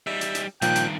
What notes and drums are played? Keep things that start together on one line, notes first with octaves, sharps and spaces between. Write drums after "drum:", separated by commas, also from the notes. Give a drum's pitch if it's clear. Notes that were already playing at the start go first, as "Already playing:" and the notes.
G3 D#4 E5
drum: hi-hat
drum: hi-hat
G2 A#2 D#3 F3 G5 F#6, drum: hi-hat
drum: hi-hat